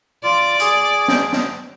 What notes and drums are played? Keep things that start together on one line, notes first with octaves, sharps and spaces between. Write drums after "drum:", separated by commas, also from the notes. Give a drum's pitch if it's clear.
F4 D5
G#4, drum: hi-hat
drum: snare
drum: snare